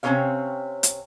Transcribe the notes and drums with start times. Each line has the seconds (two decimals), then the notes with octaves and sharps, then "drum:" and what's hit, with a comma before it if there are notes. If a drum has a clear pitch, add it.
0.03 C3 C4 C#4 A#4 C#5 F5
0.83 drum: hi-hat